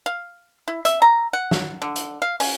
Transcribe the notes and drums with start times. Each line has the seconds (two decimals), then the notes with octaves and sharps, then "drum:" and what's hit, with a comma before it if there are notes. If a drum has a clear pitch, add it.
0.06 F5
0.68 E4
0.85 E5, drum: hi-hat
1.02 A#5
1.33 F#5
1.51 drum: snare
1.82 D3
1.96 drum: hi-hat
2.22 F5
2.40 C#4, drum: open hi-hat